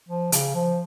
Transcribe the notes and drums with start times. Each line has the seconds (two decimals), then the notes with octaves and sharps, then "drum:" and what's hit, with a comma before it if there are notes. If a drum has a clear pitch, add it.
0.09 F3
0.32 C#3, drum: hi-hat
0.55 F3